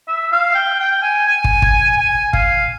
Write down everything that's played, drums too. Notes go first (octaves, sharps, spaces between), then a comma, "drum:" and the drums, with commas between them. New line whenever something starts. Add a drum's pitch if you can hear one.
E5
F5
G5
G5
G#5
G#5
drum: kick
drum: kick
G#5
F5, drum: kick